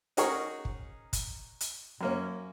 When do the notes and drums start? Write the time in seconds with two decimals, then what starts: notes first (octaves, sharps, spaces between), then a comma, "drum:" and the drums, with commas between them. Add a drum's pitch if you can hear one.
0.17 C#4 D#4 F#4 G#4 A#4 C#5, drum: hi-hat
0.65 drum: kick
1.13 drum: kick, hi-hat
1.61 drum: hi-hat
2.01 F#2 A#3 C#4